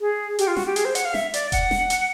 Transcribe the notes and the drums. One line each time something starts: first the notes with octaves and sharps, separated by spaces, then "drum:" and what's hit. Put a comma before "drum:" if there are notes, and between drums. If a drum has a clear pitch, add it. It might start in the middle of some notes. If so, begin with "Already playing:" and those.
G#4
G4, drum: hi-hat
F4
F#4, drum: snare
G4
G#4, drum: hi-hat
C5
F#5, drum: hi-hat
F5
E5, drum: snare
D5, drum: hi-hat
F#5, drum: kick E1, hi-hat
drum: snare
drum: hi-hat